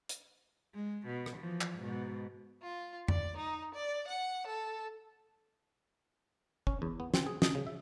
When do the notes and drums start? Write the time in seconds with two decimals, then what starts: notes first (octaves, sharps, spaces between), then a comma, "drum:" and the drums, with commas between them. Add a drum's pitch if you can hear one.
0.09 drum: hi-hat
0.75 G#3
1.07 B2
1.26 drum: rim click
1.37 E3 F3
1.61 drum: clap
1.78 G#2 B2
2.62 F4
3.08 D5, drum: tom F2
3.37 D#4
3.75 D5
4.08 F#5
4.47 A4
6.67 C#4, drum: kick
6.82 E2
7.00 B3
7.14 C4, drum: snare
7.26 G#4
7.42 D#5, drum: snare
7.55 C#3
7.67 E5